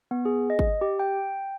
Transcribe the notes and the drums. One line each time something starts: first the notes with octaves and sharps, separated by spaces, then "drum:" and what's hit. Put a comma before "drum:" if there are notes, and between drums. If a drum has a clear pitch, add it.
B3
G#4
D#5
drum: kick
G4
G5